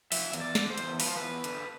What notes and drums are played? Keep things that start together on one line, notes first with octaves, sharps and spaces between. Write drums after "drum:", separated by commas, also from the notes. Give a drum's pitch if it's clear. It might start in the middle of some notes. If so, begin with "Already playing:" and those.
F3 E5, drum: open hi-hat
E2, drum: hi-hat
D5
D3, drum: snare
C5
E2, drum: hi-hat
F3 B4, drum: open hi-hat
C5
E2 B4
D3, drum: hi-hat